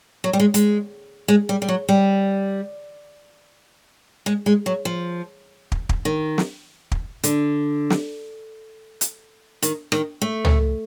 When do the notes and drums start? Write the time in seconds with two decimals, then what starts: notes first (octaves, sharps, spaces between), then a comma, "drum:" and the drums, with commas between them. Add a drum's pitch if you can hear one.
0.24 F#3
0.33 G3
0.40 G#3
0.54 G#3, drum: hi-hat
1.28 G#3
1.49 G3
1.62 G3
1.69 F#3
1.89 G3
4.26 G#3
4.46 G#3
4.66 F#3
4.85 F3
5.72 drum: kick
5.89 drum: kick
6.05 D#3
6.38 drum: snare
6.92 drum: kick
7.24 D3, drum: hi-hat
7.90 drum: snare
9.01 drum: hi-hat
9.62 D#3, drum: hi-hat
9.92 D#3, drum: rim click
10.22 A3
10.45 drum: tom